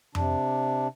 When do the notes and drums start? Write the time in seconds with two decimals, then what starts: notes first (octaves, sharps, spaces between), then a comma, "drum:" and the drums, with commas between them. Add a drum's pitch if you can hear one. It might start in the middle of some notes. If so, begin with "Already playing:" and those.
0.15 C3 D4, drum: tom F2